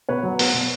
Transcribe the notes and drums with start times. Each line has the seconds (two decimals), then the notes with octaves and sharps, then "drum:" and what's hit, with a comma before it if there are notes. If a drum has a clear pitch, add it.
0.09 B2 B4 C#5
0.23 F#3
0.39 B3, drum: open hi-hat
0.53 B2